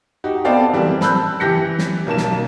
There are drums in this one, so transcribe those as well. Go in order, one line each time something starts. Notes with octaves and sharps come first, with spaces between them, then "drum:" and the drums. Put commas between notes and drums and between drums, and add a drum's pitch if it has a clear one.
D#4 F#4 G4
B3 C4 A4 D5 F5 G5
E3 G3 A#3 C4
A5 B5 E6 F#6 G6, drum: snare
E3 G4 G6 A#6 B6 C#7
drum: snare
B1 A#3 A5 E7
drum: snare